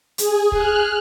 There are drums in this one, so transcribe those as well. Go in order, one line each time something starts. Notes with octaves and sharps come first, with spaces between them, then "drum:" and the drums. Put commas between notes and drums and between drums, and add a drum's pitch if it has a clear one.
G#4, drum: hi-hat
G#4 F6 F#6, drum: kick